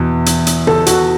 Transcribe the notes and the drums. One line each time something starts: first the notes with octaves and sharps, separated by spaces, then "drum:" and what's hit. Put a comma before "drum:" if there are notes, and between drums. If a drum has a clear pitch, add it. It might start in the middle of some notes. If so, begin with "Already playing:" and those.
Already playing: E2 B2
drum: hi-hat
drum: hi-hat
A4, drum: tom
F#4, drum: hi-hat